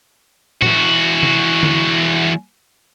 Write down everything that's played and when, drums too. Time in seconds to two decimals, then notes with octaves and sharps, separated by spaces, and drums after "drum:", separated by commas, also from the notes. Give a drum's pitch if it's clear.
0.62 E2 F#4, drum: tom A2
1.23 drum: tom C3
1.63 drum: tom D3